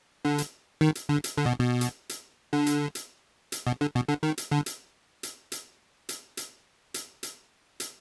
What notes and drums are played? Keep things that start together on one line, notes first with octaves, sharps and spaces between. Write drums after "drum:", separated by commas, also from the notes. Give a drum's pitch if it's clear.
D3
drum: hi-hat
D#3
drum: hi-hat
D3
drum: hi-hat
D3
B2
B2
drum: hi-hat
drum: hi-hat
D3
drum: hi-hat
drum: hi-hat
drum: hi-hat
B2
D3
B2
D3
D#3
drum: hi-hat
D3
drum: hi-hat
drum: hi-hat
drum: hi-hat
drum: hi-hat
drum: hi-hat
drum: hi-hat
drum: hi-hat
drum: hi-hat